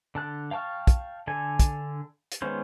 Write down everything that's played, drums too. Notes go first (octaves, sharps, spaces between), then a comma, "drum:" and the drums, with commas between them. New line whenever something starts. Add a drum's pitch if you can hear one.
D3 A5 F#6
F5 G5 A5 C#6 F6
drum: kick, hi-hat
D3 D4 A4 G#5
drum: kick, hi-hat
drum: hi-hat
D#3 G#3 B3 C#4 C5